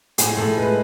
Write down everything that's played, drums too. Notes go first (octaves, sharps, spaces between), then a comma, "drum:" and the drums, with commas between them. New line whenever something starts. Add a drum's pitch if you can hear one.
A2 G#4, drum: hi-hat
A2 A4
G#3 B4